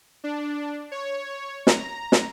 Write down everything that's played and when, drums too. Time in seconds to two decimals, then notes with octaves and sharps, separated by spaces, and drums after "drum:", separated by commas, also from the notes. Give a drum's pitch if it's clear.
0.24 D4
0.92 C#5
1.67 A#5, drum: snare
2.12 drum: snare